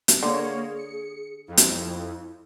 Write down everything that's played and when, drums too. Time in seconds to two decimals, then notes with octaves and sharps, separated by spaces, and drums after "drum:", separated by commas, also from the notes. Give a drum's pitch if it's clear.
0.08 drum: hi-hat
0.23 D3 A#3 G#4 C#5
0.76 C#7
1.48 F2 E4
1.57 drum: hi-hat